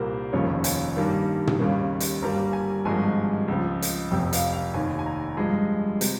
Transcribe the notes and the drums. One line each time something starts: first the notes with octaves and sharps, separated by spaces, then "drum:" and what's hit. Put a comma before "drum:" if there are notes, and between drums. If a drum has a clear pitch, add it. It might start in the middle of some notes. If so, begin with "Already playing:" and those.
Already playing: C2 A#2 G3 A#3 C5
F1 D#2 C#3 F3 C#5
G#5, drum: hi-hat
G2 D#3 G3 A#3
drum: tom
D#2 C#3 G3 A#3
drum: hi-hat
G1 G2 G3 A#3 A#5
G#5
G#1 G2 F3 G#3 G#5
C#2 C#3 F3
drum: hi-hat
F1 F2 C3 G5
F5, drum: hi-hat
F5
F1 D#2 D#3 G#5
G#5
A#5
G2 F3 G#3 G#5
C3, drum: hi-hat